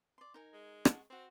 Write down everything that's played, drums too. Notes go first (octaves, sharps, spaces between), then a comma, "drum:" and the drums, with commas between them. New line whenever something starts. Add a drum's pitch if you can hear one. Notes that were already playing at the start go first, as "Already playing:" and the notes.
D5 C6
D#4 A#4 G#5
G#3
F#5 A5 C#6, drum: rim click
C4 F#4 C5